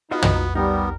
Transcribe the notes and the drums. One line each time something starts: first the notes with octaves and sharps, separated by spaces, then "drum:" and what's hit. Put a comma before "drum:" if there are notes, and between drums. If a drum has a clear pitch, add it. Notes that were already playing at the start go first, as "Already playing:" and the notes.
B3 D#4 F4 F#4 D#5
drum: tom
G3 B3 D#4 A#4